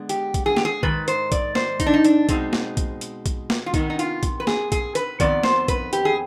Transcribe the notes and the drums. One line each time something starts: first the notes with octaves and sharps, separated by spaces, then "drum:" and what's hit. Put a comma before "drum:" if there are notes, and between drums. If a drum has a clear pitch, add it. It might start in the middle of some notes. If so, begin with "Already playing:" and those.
Already playing: D3 G#3 B3
G4, drum: hi-hat
drum: kick B1, hi-hat
G#4
G4, drum: snare
G#4
G#2 D#3 B4, drum: kick B1
C5, drum: hi-hat
D5, drum: kick B1, hi-hat
C5, drum: snare
D#4, drum: kick B1, hi-hat
D4
D#4
D4, drum: hi-hat
B2 G#3 C4 D#4, drum: kick B1, hi-hat
drum: snare
drum: kick B1, hi-hat
drum: hi-hat
drum: kick B1, hi-hat
drum: snare
F4
C3 D#3 B3 D#4, drum: kick B1, hi-hat
D#4
F4, drum: hi-hat
drum: kick B1, hi-hat
B4
G#4, drum: snare
G#4, drum: kick B1, hi-hat
B4, drum: hi-hat
F2 D#3 B3 D5, drum: kick B1, hi-hat
C5, drum: snare
B4, drum: kick B1, hi-hat
G4, drum: hi-hat
G#4